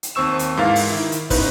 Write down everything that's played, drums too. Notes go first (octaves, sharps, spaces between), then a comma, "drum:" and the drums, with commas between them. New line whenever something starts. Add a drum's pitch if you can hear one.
drum: hi-hat
D#2 C4 C5 C#6 E6 E7
drum: hi-hat
G#2 E3 A#4 F5 A6
drum: open hi-hat
D#3 E4
drum: hi-hat
B3 C#4 D#4 B4 C5, drum: kick, open hi-hat